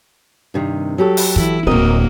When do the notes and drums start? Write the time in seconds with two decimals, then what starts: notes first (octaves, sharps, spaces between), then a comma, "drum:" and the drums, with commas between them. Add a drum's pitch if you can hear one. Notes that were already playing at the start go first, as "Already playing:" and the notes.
0.54 G2 C3 D#3
0.98 F#3 G4 A4
1.17 drum: open hi-hat
1.36 E3 E4, drum: kick
1.67 D1 F#3 A#3 C4 A#4 D#5